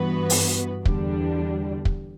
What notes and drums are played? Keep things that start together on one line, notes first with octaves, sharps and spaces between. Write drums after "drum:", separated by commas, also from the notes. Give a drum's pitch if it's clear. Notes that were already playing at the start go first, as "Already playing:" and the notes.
Already playing: G2 E3 B3 F#4 B4
drum: open hi-hat
E2 D3 G3 D4, drum: kick
drum: kick